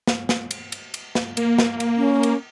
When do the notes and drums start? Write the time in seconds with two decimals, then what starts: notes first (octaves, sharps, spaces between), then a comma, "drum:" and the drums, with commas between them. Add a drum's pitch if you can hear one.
0.07 drum: snare
0.29 drum: snare
0.51 drum: cymbal
0.72 drum: cymbal
0.94 drum: cymbal
1.15 drum: snare
1.37 A#3, drum: cymbal
1.58 drum: snare
1.80 drum: cymbal
1.97 C#4
2.23 drum: cymbal